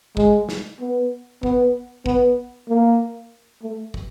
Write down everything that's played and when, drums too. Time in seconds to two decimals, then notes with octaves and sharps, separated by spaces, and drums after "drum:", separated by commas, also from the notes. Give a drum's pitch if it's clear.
0.17 G#3, drum: kick
0.49 drum: snare
0.80 B3
1.43 B3, drum: kick
2.06 B3, drum: kick
2.69 A#3
3.63 A3
3.94 drum: kick